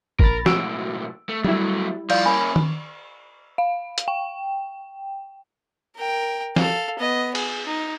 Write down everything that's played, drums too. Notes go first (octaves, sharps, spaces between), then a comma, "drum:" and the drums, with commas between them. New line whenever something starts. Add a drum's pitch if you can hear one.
A#1 A#4 B5 A6, drum: kick G1
B1 A2 F#4 E6 D7, drum: snare
A3
F#3 G3 A3 E4, drum: tom F#3
F3 D5 F5 G6, drum: cymbal
A#3 C#4 G#5 B5
drum: tom D#3
F5
drum: hi-hat
G5
A#4 G5
A4 F5, drum: snare
B3 D#5
G#4, drum: cymbal
D#4